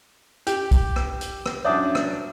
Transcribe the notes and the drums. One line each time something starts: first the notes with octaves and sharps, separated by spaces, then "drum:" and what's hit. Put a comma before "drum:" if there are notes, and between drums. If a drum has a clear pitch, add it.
G4, drum: hi-hat
drum: kick, hi-hat
drum: rim click
drum: hi-hat
drum: rim click
F#2 D4 C#5 D5 E5 D#6
drum: rim click